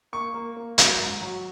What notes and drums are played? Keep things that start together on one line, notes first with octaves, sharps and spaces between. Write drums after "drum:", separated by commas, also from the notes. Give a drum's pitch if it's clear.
A#3 C#6
A#3
A#3
F#3, drum: hi-hat
G#2
F#3